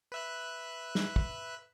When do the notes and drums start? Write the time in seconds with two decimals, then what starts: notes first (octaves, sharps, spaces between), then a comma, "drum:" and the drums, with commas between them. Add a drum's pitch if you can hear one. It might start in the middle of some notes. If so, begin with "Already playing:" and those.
0.12 B4 E5 F#6
0.95 drum: snare
1.16 drum: kick